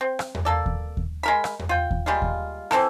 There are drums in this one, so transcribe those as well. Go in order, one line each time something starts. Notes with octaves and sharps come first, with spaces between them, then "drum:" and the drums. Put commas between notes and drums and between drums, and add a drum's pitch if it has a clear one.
C4
drum: rim click
drum: tom E2
A#3 A4 D5
drum: kick D#2
drum: kick D#2
G#3 A#4 B5
drum: rim click
drum: tom E2
F4 G5
drum: kick D#2
G3 G#3 A#3 F4
drum: kick D#2
E3 C4 A4 A#4, drum: rim click